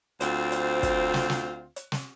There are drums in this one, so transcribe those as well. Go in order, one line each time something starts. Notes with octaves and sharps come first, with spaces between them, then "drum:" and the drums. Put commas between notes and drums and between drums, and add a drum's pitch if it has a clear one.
D2 C4 F4 C5, drum: hi-hat
drum: hi-hat
drum: kick, hi-hat
drum: snare
drum: snare
drum: hi-hat
drum: snare